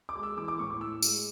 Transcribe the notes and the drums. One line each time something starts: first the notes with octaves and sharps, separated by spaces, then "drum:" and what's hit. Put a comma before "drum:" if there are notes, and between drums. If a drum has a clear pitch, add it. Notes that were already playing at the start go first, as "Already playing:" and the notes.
D6
G#3
E6
E3 D6
D6
A2 C#6
D6
A2 E6
G#3, drum: tambourine